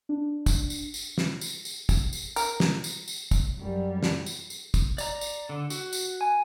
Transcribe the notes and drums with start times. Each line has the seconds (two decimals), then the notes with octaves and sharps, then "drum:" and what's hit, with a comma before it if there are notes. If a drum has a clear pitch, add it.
0.09 D4
0.46 drum: kick, tambourine
0.70 drum: tambourine
0.94 drum: tambourine
1.18 drum: snare
1.41 drum: tambourine
1.65 drum: tambourine
1.89 drum: kick, tambourine
2.13 drum: tambourine
2.36 A#4, drum: tambourine
2.60 drum: snare
2.84 drum: tambourine
3.08 drum: tambourine
3.31 drum: kick, tambourine
3.58 F#2 G3
4.03 drum: snare
4.26 drum: tambourine
4.50 drum: tambourine
4.74 drum: kick, tambourine
4.98 D5 A#5, drum: tambourine
5.21 drum: tambourine
5.49 D3
5.70 F#4, drum: tambourine
5.93 drum: tambourine
6.21 G#5